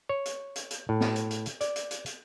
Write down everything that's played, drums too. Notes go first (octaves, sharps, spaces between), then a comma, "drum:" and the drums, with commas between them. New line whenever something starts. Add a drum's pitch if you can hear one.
C#5
drum: hi-hat
drum: hi-hat
drum: hi-hat
A2
drum: snare
drum: hi-hat
drum: hi-hat
drum: hi-hat
D5, drum: hi-hat
drum: hi-hat
drum: hi-hat
drum: hi-hat